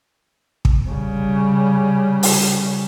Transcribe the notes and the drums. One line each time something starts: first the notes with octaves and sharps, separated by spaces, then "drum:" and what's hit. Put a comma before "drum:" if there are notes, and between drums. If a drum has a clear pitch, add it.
drum: kick
C#3 G3
drum: open hi-hat